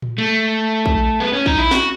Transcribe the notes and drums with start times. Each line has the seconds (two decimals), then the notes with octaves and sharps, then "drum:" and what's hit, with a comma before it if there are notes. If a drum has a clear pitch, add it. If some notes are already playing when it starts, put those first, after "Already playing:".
0.02 drum: tom A2
0.18 A3
0.86 drum: kick
1.20 B3
1.33 C#4
1.46 D#4, drum: kick
1.58 E4
1.71 F#4, drum: snare